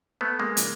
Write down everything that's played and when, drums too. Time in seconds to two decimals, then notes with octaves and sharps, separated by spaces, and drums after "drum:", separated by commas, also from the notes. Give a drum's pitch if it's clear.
0.21 A3 B3
0.39 G#3 A#3
0.57 C#3, drum: hi-hat